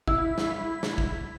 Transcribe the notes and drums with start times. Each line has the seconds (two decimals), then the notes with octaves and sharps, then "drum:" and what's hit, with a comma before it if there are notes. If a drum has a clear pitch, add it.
0.08 E4, drum: kick
0.38 drum: snare
0.83 drum: snare
0.98 drum: kick